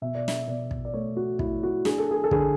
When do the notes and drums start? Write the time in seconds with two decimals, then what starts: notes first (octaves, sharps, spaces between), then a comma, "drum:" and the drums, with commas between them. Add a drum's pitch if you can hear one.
0.02 B2 E5
0.15 D5
0.28 E5, drum: snare
0.47 B2 D5
0.71 drum: kick
0.85 D5
0.94 A3 C#5
1.17 F#4
1.39 A3 E4, drum: kick
1.63 F#4
1.85 D4 G#4, drum: snare
1.98 A4
2.11 G#4
2.24 A4
2.31 D3 G#4, drum: kick